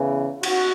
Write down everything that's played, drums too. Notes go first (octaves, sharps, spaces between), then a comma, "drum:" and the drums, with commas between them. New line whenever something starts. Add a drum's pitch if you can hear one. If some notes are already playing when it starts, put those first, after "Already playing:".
Already playing: E2 C#3 E3
F#4, drum: cymbal